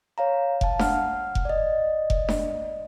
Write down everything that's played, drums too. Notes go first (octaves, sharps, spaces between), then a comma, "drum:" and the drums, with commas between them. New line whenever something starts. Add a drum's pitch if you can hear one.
C#5 F5 A#5
F5 A5, drum: kick F1
F#5 F6, drum: snare D4
drum: kick F1
D5 D#5
drum: kick F1
drum: snare D4